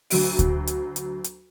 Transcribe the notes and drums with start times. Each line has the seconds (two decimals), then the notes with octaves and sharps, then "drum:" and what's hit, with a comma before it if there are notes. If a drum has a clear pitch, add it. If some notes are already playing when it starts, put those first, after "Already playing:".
0.10 D2 F#3 D7, drum: open hi-hat
0.39 drum: kick D2, hi-hat
0.67 drum: hi-hat
0.96 drum: hi-hat
1.24 drum: hi-hat